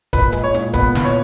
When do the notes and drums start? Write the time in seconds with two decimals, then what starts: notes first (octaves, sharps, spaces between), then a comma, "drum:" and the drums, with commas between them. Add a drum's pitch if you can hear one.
0.13 A#2 B4, drum: kick, hi-hat
0.32 G#3, drum: hi-hat
0.44 C#5
0.54 A#2, drum: hi-hat
0.73 B3 B4, drum: kick, hi-hat
0.95 A#2, drum: snare
1.05 C#5